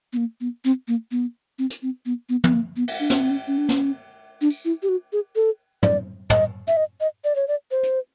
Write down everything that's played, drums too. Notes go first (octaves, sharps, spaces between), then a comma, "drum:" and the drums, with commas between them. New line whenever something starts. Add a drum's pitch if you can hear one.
B3
A#3
B3
C4
A#3
B3
C4
drum: hi-hat
C4
B3
B3
B3, drum: tom
A#3
B3
drum: cymbal
D4
C#4, drum: snare
C4
C#4
C#4
D4
C#4, drum: snare
D4
drum: tambourine
E4
G4
F#4
G#4
A4
D5, drum: tom
D#5, drum: tom
E5, drum: hi-hat
D#5
D#5
D5
C#5
D5
C5
drum: hi-hat